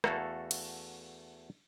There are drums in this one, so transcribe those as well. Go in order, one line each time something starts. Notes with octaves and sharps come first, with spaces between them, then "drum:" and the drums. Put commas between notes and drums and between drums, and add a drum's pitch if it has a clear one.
E2 A3 F#4 A4 F5, drum: rim click
drum: cymbal